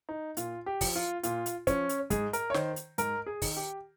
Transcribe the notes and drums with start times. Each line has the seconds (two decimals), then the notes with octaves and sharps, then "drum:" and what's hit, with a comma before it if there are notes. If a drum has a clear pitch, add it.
0.09 D#4
0.37 A#2 F4, drum: hi-hat
0.66 G4
0.81 F3, drum: kick, open hi-hat
0.96 F4
1.23 A#2 F4, drum: hi-hat
1.46 drum: hi-hat
1.67 F3 C#4, drum: kick, hi-hat
1.89 drum: hi-hat
2.10 G#2 G#4, drum: kick, hi-hat
2.33 A#4, drum: hi-hat
2.50 C#5
2.54 D#3 C5, drum: snare
2.76 drum: hi-hat
2.98 G#2 A#4, drum: hi-hat
3.26 G#4
3.42 D#3, drum: kick, open hi-hat
3.57 G4